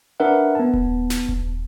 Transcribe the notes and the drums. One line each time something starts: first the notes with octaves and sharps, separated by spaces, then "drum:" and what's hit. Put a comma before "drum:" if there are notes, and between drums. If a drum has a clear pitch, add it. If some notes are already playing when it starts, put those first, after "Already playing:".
D4 A#4 B4 E5 F#5
B3 A5
drum: kick D#1
drum: snare
drum: kick D#1